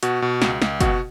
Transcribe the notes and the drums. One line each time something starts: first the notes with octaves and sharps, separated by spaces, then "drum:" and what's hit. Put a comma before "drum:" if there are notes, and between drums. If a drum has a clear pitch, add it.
B2 F#4, drum: hi-hat
B2
C#2, drum: snare
C#2, drum: snare
B2 F#4, drum: kick, hi-hat